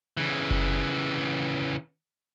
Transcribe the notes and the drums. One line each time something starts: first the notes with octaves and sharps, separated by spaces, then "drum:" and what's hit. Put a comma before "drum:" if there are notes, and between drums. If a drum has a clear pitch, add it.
C#3 E3
drum: kick F#1